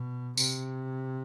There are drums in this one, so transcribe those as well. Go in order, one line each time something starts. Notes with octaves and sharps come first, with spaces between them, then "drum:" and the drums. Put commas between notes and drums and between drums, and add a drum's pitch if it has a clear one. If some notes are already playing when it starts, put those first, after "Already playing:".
Already playing: B2
C3, drum: tambourine